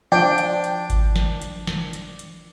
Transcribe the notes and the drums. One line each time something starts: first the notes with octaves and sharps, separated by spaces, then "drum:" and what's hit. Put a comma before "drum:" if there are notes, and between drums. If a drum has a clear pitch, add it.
F3 D4 G5
drum: hi-hat
drum: hi-hat
drum: kick G#1, hi-hat
drum: snare
drum: hi-hat
drum: snare
drum: hi-hat
drum: hi-hat